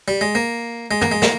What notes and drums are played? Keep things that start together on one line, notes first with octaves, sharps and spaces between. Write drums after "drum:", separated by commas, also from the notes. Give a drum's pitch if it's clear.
G3
G#3
A#3
G#3
A#3, drum: tom
G#3
A#3, drum: snare